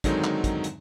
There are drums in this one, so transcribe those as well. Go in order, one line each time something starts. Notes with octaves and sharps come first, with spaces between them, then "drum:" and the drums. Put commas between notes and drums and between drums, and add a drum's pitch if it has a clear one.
D3 D#3 F#3 G#3 C4 D#4, drum: kick, hi-hat
drum: clap
drum: kick, hi-hat
drum: hi-hat